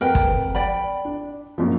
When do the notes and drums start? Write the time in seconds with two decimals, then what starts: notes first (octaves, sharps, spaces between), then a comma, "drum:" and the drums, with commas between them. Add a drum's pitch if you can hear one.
0.01 F2 A#4 B4 G5
0.15 drum: kick
0.55 D5 G5 B5
1.05 D4
1.58 F#2 A#2 F3